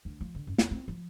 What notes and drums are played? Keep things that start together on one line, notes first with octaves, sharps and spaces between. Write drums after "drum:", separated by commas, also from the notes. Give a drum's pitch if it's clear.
D2
F3
D3
F#2
E2, drum: snare
C4
F3